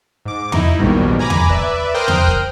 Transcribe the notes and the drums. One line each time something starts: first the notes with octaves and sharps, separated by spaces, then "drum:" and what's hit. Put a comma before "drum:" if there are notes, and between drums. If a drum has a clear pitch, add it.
G#2 D6
D#4 E4, drum: tom E2
A#1 G#2 B2 D#3 F#3 G3
G#5 A#5 B5 D6
drum: tom E2
B4 D5 E5, drum: kick
A#4 C5 G5 D#6 F6 F#6
drum: tom E2
drum: kick